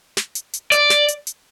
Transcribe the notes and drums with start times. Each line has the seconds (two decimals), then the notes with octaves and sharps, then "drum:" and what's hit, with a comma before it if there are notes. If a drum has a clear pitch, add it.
0.17 drum: snare
0.35 drum: hi-hat
0.53 drum: hi-hat
0.72 D5, drum: hi-hat
0.90 drum: snare
1.08 drum: hi-hat
1.27 drum: hi-hat